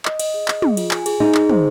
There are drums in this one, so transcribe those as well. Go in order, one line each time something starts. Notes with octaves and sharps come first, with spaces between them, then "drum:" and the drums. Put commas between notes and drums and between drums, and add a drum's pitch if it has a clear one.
D#5, drum: clap
D#5, drum: cymbal
G#4
D#5, drum: clap
G#4, drum: tom
F4, drum: cymbal
G#5, drum: clap
G#4, drum: cymbal
D#4 G#4
G#4, drum: clap
C5, drum: tom